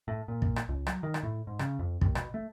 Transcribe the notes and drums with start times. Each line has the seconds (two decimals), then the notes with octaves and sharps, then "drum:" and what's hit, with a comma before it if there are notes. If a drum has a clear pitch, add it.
0.08 A2
0.28 A#2
0.42 drum: kick
0.56 drum: rim click
0.69 C#2
0.87 F#3, drum: rim click
1.03 D#3
1.14 drum: rim click
1.23 A2
1.47 G#2
1.59 C#3, drum: rim click
1.79 F2
2.01 D#2, drum: kick
2.15 B2, drum: rim click
2.34 A3